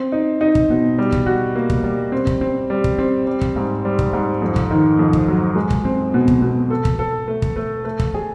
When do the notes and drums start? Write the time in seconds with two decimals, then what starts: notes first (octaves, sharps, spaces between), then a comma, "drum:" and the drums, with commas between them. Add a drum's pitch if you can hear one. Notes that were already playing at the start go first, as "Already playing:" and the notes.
Already playing: C4
0.12 D#4
0.41 D#4
0.55 drum: kick
0.70 B2
0.98 G3
1.12 drum: kick
1.26 F#4
1.55 A#3
1.70 drum: kick
1.84 G3
2.12 C4
2.27 drum: kick
2.41 C4
2.70 G3
2.84 drum: kick
2.98 C4
3.27 G3
3.41 drum: kick
3.56 G#2
3.85 G3
3.99 drum: kick
4.13 G#2
4.42 F2
4.56 drum: kick
4.71 D#3
4.99 F2
5.13 drum: kick
5.28 F#3
5.56 G#3
5.70 drum: kick
5.85 C4
6.14 B2
6.28 drum: kick
6.42 B2
6.70 A4
6.85 drum: kick
6.99 A4
7.28 A3
7.42 drum: kick
7.56 A3
7.85 A3
7.99 drum: kick
8.14 G#4